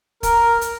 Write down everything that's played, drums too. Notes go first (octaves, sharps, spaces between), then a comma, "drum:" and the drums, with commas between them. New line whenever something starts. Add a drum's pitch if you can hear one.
A#4, drum: kick, hi-hat
drum: hi-hat